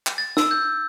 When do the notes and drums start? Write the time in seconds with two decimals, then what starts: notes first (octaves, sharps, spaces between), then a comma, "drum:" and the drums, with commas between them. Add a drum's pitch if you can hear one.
0.07 drum: clap
0.18 A6
0.37 E6, drum: snare
0.51 G6